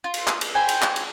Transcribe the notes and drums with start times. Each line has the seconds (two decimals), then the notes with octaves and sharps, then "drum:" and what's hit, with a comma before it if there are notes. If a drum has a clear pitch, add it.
0.04 F4
0.14 drum: cymbal
0.27 drum: clap
0.41 drum: cymbal
0.55 C5 G5 G#5 B5
0.69 drum: cymbal
0.82 drum: clap
0.96 drum: cymbal